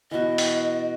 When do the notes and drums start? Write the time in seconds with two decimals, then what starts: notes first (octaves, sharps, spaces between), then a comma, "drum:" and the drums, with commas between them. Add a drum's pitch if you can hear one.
0.11 B2 E3 D#5
0.38 drum: open hi-hat